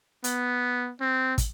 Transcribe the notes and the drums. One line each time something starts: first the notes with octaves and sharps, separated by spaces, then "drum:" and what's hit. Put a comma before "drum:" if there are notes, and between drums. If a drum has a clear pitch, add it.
B3, drum: hi-hat
C4
drum: kick, hi-hat